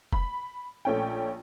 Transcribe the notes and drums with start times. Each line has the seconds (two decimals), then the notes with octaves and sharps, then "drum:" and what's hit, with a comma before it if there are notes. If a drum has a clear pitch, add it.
0.13 B5, drum: kick F1
0.85 A#1 A3 C#4 G5